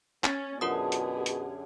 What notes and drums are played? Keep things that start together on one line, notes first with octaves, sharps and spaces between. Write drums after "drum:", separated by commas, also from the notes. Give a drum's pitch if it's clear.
C#4 A6, drum: clap
F#2 B2 D3 F4 G4 G#4 A#4 D#6
drum: hi-hat
drum: hi-hat